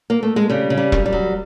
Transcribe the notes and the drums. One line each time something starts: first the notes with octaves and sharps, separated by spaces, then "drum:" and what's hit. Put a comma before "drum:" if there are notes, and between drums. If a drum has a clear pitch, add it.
A#3
A3
G#3
C#3 G3
C#3
G3
F#2, drum: kick E1
G3
F#3